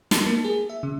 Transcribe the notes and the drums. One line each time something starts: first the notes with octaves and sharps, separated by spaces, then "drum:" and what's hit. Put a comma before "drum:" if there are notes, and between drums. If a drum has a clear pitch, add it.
A5, drum: snare
A#3
G#4
E5
C#3